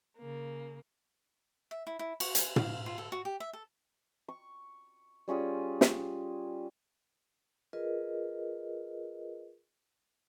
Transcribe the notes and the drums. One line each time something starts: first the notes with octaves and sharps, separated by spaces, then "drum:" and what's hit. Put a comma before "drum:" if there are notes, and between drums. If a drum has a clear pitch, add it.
C#3 A#3
E5
E4
E4
F#4, drum: cymbal
G#5, drum: hi-hat
F5, drum: tom
F4
A4
F#4
G4
E5
A4
C#6
G3 C#4 F4 G#4
drum: snare
F4 G#4 A#4 B4 D#5